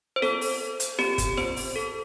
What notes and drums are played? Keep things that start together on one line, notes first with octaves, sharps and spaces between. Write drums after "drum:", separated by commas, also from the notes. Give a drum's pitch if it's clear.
C5
A4, drum: snare
drum: open hi-hat
drum: hi-hat
G4, drum: snare
drum: kick, hi-hat
C5, drum: snare
drum: open hi-hat
A4